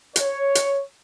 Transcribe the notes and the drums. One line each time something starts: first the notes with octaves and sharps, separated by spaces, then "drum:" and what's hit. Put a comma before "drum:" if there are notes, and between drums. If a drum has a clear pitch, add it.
C#5, drum: hi-hat
drum: hi-hat